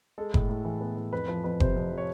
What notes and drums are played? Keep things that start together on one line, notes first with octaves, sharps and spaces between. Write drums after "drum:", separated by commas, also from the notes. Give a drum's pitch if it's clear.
G#3 A4
A2, drum: kick F#1
A2
E3
B3
E3
F2 B4
F3 B4
F2 B4
C3 C5, drum: kick F#1
F2
F3
C#5